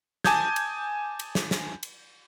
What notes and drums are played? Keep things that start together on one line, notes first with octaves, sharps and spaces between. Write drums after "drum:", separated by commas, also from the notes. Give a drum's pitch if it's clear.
G#5 A5 D6 D#6 G6 G#6, drum: snare
drum: cymbal
drum: cymbal
drum: snare
drum: snare
drum: cymbal